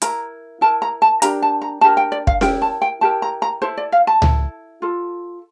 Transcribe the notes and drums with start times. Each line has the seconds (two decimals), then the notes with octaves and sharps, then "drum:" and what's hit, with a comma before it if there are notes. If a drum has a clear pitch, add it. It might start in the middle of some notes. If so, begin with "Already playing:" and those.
0.02 E4 A#4 A#5, drum: hi-hat
0.61 E4 A#4 A5
0.82 A#5
1.02 A5
1.22 D4 G4 A#4 A#5, drum: hi-hat
1.42 A5
1.62 A#5
1.81 D4 G4 A#4 A5
1.97 G5
2.12 D5
2.27 F5, drum: kick
2.41 E4 G4 A#4 G5, drum: snare C#4
2.62 A5
2.82 G5
3.01 E4 G4 A#4 A5
3.22 A#5
3.42 A#5
3.62 E4 A4 C5
3.77 D5
3.92 F5
4.07 A5
4.22 E4 A4, drum: tom C#2
4.82 F4 A4